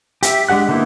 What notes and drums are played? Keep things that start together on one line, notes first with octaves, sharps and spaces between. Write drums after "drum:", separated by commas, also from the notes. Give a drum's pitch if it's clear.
G4 E5, drum: hi-hat
G#3 D4 G4 F#5 F#6
D3 A#3 B3 D#4 E4